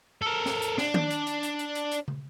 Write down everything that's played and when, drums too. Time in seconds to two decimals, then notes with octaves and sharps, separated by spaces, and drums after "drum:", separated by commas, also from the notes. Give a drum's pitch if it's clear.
0.22 A4 A#4
0.46 drum: snare
0.62 drum: hi-hat
0.78 D4, drum: snare
0.94 drum: tom D#3
1.10 drum: hi-hat
1.27 drum: hi-hat
1.43 drum: hi-hat
1.59 drum: hi-hat
1.75 drum: hi-hat
1.92 drum: hi-hat
2.08 drum: tom